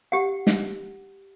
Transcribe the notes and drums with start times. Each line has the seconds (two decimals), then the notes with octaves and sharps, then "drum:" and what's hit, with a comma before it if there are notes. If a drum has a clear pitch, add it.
0.12 G4 F#5
0.47 drum: snare